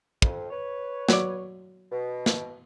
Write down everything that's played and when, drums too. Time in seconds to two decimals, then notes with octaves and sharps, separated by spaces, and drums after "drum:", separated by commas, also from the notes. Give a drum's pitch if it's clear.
0.22 F2, drum: kick
0.50 B4 C#5
1.09 F#3 D5, drum: snare
1.91 B2
2.26 drum: snare